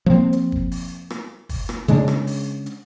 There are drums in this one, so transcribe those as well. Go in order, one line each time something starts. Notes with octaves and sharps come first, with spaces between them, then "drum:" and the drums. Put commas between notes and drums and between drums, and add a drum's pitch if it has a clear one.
F3 A#3 C4
drum: hi-hat
drum: kick
drum: open hi-hat
drum: rim click
drum: kick, open hi-hat
drum: rim click
C#3 G#3 C#4 D4, drum: hi-hat
drum: rim click
drum: open hi-hat
drum: hi-hat